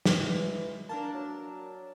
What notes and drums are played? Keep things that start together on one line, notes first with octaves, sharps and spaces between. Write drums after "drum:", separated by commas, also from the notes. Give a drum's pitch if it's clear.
drum: snare
E3 G#3
A#3 D4 A#4 A5
F#3